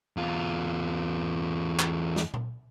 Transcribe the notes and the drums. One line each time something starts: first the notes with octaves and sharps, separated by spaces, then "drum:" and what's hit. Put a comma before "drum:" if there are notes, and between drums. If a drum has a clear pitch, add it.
E2 F4
drum: clap
drum: snare
drum: tom A#2